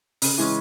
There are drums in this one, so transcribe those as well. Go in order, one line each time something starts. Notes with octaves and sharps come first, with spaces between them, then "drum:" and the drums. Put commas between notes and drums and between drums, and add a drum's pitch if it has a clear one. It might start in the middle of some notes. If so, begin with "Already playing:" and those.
C#3, drum: open hi-hat
E3 G#3 C#4